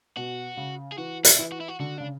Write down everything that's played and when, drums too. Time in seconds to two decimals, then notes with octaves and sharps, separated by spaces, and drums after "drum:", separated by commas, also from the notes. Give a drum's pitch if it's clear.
0.17 B2 F#4
0.57 C#3
0.92 G#4
0.98 E3 F#4
1.25 E4, drum: hi-hat
1.39 E3
1.52 F#4
1.60 E4
1.68 F#4
1.79 D3 F#4
1.98 C#3 D4